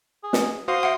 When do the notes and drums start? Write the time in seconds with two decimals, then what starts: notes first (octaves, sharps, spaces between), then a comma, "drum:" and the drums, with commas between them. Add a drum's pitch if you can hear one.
0.23 G#4
0.33 drum: snare
0.68 F#4 C5 F5 C6 D#6
0.83 E5 F#5